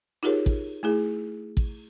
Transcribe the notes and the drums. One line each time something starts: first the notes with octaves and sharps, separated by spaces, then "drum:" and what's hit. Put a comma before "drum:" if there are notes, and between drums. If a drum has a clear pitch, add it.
D#4 F4 G4 G#4 A#4 C#5
drum: kick A1
A3 E4 G#4
drum: kick A1